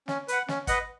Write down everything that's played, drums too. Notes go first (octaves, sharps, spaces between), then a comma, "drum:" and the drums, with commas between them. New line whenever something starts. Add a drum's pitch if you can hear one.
C#4, drum: snare
B4 F#5, drum: hi-hat
C#4, drum: snare
B4 D#5 F#5, drum: kick, hi-hat